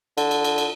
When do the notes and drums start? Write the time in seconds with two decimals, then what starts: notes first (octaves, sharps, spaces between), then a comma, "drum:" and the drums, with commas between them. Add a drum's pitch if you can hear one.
0.18 D3, drum: cymbal
0.31 drum: cymbal
0.44 drum: cymbal
0.58 drum: cymbal